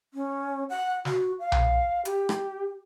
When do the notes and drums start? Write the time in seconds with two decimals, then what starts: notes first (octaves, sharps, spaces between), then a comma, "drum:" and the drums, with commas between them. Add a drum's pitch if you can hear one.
0.14 C#4
0.69 F#5
1.05 F#4, drum: snare
1.39 F5
1.52 drum: tom B1
2.05 G4, drum: hi-hat
2.29 drum: rim click